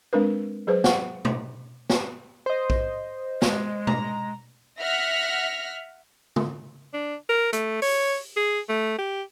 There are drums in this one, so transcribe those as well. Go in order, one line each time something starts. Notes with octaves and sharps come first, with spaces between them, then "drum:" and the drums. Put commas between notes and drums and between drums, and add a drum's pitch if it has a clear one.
G#3 C4 D4 A#4 B4
F#3 G#4 B4 C5
F#5 C#6, drum: snare
drum: tom
drum: snare
C5 D#5
drum: kick A#1
G#3, drum: snare
A#5, drum: tom
E5 F#5 F6 A#6 B6
drum: tom
D4
A#4
A3, drum: hi-hat
C#5, drum: open hi-hat
G#4
A3
G4